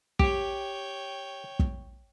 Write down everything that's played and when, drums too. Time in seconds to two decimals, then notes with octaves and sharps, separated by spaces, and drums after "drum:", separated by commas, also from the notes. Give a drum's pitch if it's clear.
0.19 G4 C#5 G5, drum: kick
1.59 drum: kick